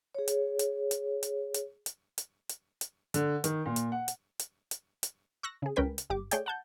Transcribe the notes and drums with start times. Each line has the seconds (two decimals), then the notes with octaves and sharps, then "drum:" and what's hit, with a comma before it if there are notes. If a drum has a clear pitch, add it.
0.15 G#4 C#5
0.28 drum: hi-hat
0.59 drum: hi-hat
0.91 drum: hi-hat
1.23 drum: hi-hat
1.54 drum: hi-hat
1.86 drum: hi-hat
2.18 drum: hi-hat
2.49 drum: hi-hat
2.81 drum: hi-hat
3.14 D3, drum: hi-hat
3.44 D#3, drum: hi-hat
3.66 A#2
3.76 drum: hi-hat
3.92 F#5
4.08 drum: hi-hat
4.39 drum: hi-hat
4.71 drum: hi-hat
5.03 drum: hi-hat
5.43 C#6 E6 F#6 A#6
5.62 C#3 G#4
5.76 C#2 C#4 A#4 B4 G5 B6
5.98 drum: hi-hat
6.10 G1 G4 D6
6.31 A3 G#4 C#5 D5 G5 G6, drum: hi-hat
6.46 F#5 A5 G6